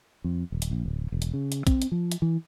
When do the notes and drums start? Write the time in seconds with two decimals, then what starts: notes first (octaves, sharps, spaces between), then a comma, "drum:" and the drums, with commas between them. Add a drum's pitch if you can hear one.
0.24 F2
0.52 D#1
0.62 drum: hi-hat
0.71 A#1
0.85 D1
1.12 E1
1.22 drum: hi-hat
1.34 C#3
1.52 drum: hi-hat
1.67 C4, drum: kick, hi-hat
1.82 drum: hi-hat
1.92 F3
2.12 drum: hi-hat
2.22 E3